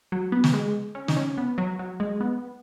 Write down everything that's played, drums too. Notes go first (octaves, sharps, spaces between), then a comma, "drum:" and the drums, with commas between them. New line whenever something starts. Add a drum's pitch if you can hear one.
F#3
B3
drum: snare
G#3
C#4
D#4, drum: snare
C#4
B3
F#3
F#3
G#3
B3